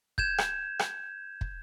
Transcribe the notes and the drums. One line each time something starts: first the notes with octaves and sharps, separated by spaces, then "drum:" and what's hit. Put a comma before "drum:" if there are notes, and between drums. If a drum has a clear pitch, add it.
G6 G#6 E7, drum: kick
drum: rim click
drum: rim click
drum: kick